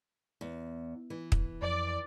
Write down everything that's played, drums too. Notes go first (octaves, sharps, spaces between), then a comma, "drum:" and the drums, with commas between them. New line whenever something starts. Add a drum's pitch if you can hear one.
E2
E3
drum: kick
F2 D5